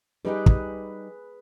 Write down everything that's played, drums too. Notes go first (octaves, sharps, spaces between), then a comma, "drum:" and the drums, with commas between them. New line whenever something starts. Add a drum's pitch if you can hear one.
G3 D#4 G4 G#4 B4
drum: kick